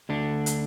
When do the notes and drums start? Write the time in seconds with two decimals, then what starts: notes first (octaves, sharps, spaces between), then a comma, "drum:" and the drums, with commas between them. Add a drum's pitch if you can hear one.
0.09 D2 D3 D4
0.46 drum: hi-hat